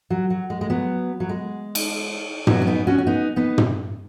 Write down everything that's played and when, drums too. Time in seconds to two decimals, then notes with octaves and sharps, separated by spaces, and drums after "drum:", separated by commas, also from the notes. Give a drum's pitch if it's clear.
0.10 F#3
0.30 F#3
0.50 G#3
0.61 G#3
0.70 F#3 B3
1.20 F#3
1.29 G#3
1.75 drum: cymbal
2.47 F#3 B3, drum: tom
2.62 C#4
2.67 B3 D#4
2.87 C#4 F#4
2.98 C#4
3.07 B3 D#4
3.36 B3 D#4
3.58 drum: tom